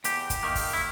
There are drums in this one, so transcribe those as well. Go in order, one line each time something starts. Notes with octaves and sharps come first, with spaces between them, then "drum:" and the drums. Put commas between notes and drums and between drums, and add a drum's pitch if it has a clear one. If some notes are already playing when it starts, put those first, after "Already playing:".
E2 G4, drum: hi-hat
drum: kick, hi-hat
D#3 A#3
drum: kick, open hi-hat
E4